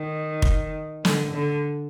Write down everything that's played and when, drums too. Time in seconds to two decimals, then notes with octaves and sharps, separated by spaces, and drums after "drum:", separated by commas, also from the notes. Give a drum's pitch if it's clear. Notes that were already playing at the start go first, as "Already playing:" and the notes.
Already playing: D#3
0.42 drum: kick
1.05 D3, drum: snare
1.34 D3